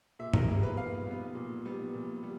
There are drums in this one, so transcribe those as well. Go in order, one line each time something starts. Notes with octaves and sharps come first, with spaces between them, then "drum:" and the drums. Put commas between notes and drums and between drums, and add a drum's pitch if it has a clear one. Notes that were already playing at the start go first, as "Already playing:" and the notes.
A#2 E5
A#4, drum: tom G2
G3 B3 G#4
B4
A#2 F5
G3 B3
A#2
G3 B3
A#2
G3